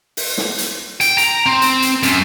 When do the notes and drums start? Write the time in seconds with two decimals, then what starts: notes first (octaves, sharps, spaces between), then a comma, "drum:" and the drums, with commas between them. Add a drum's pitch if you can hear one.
0.17 drum: open hi-hat
0.38 drum: snare
0.58 drum: hi-hat
1.01 G5, drum: hi-hat
1.18 A#5, drum: hi-hat
1.46 C4
1.62 drum: hi-hat
1.82 drum: hi-hat
2.03 F#2, drum: hi-hat